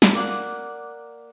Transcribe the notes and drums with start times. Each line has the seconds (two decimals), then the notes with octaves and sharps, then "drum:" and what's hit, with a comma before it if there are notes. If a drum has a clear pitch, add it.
0.02 drum: snare
0.15 A#3 D5 F#5